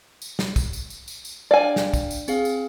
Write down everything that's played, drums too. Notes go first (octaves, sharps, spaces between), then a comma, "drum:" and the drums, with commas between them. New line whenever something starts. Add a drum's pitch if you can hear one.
drum: tambourine
drum: snare
drum: kick, tambourine
drum: tambourine
drum: tambourine
drum: tambourine
drum: tambourine
D4 D5 F5 G5 G#5
drum: snare
drum: kick, tambourine
drum: tambourine
C4 G#4 F5, drum: tambourine
drum: tambourine